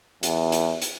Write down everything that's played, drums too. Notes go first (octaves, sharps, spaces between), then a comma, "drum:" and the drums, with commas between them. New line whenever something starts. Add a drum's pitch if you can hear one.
E2, drum: hi-hat
drum: hi-hat
drum: hi-hat